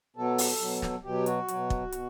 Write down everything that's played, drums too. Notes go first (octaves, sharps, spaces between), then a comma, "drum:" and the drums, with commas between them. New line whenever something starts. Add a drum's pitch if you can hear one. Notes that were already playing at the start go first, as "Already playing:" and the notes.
B2 F#3 A4
drum: open hi-hat
B2 F#3
drum: snare
B2 F#3 G4
F#4, drum: hi-hat
B2 F#3, drum: hi-hat
drum: kick
B2, drum: hi-hat